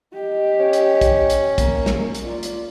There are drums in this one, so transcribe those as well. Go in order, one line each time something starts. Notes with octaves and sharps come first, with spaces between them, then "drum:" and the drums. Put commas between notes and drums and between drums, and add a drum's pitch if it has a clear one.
G4 D#5
C#4
drum: hi-hat
drum: kick, hi-hat
drum: hi-hat
A#3, drum: kick, hi-hat
drum: snare
drum: hi-hat
F4 D5
drum: hi-hat